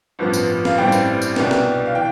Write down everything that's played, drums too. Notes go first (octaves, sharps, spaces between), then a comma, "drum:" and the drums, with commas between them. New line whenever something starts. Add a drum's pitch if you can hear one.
A1 G2 F3 B3
drum: tambourine
F5, drum: snare
A1 G2 E3 G3 C4 G5
drum: tambourine
drum: tambourine
C2 B2 B3 D4, drum: snare
drum: snare
F5
E3 G5